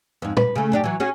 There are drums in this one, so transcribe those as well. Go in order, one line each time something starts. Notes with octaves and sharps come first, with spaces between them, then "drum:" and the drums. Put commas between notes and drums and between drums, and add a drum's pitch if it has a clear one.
F2 G#2
B4, drum: tom
C#3 A3
F#2 D4 G4
E3 F#3
C#4 F#4 G#4